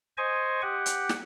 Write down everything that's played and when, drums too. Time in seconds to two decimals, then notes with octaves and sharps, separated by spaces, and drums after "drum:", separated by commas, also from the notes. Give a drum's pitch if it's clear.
0.18 C5 D#5 G#5 C#6
0.62 G4 F#5
0.86 drum: hi-hat
1.09 drum: snare